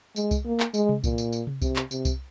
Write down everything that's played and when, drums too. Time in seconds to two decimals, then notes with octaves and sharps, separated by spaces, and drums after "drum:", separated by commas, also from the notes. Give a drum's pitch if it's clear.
0.16 G#3, drum: tambourine
0.31 drum: kick C2, tambourine
0.45 A#3
0.60 drum: clap
0.74 G#3, drum: tambourine
0.89 drum: tom C3
1.04 A#2, drum: kick C2, tambourine
1.18 drum: tambourine
1.33 drum: tambourine
1.47 drum: tom C3
1.62 C3, drum: kick C2, tambourine
1.76 drum: clap
1.91 C3, drum: tambourine
2.05 drum: kick C2, tambourine